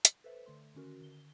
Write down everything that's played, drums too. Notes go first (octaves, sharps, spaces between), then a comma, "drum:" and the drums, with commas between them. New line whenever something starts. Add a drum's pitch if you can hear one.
drum: hi-hat
A4 B4 C5 E5
D3 A3 C6
D3 D#3 C#4 F#4 A#4
D3 G7